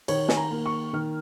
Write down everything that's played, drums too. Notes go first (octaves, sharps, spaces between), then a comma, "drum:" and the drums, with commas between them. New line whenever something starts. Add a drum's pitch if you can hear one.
D#3 C#5, drum: cymbal
G#5, drum: snare
A#5
A#3
C#6
D#3 F6